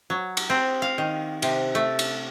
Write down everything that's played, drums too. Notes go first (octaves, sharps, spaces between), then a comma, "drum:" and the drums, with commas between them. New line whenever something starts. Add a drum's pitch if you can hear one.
F#3
drum: cymbal
C4
F5
D#3
C3, drum: cymbal
A3
drum: cymbal